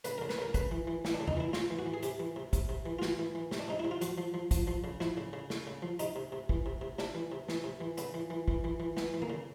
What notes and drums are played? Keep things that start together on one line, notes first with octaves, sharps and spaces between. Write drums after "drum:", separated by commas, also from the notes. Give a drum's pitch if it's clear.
C#3 B4, drum: hi-hat
A#4
C#3
B4, drum: snare
C#3 A#4
C#3 B4, drum: kick, hi-hat
E3
E3
E3, drum: snare
D4
C#3
D#4, drum: tom E2
E3 E4
C#3 F4, drum: snare
E3
F#4
E3
G#4
C3 G4, drum: hi-hat
E3
C3
C3, drum: kick, hi-hat
C3
E3
F4
E3 F#4, drum: snare
E3
E3
C3, drum: snare
D4
C3 D#4
E4
C3
F4
F3 F#4, drum: hi-hat
F3
F3
F3, drum: kick, hi-hat
F3
C#3
F3 E4, drum: snare
C#3
C#3
C#3, drum: snare
C#3
F3
C3 D#4, drum: hi-hat
C3
C3
E3, drum: kick
C3
C3
C3 D4, drum: snare
E3
C3
E3, drum: snare
C3
E3
C#3 B3, drum: hi-hat
E3
E3
E3, drum: kick
E3
E3
E3 B3, drum: snare
E3
A#3, drum: tom D#3
C#3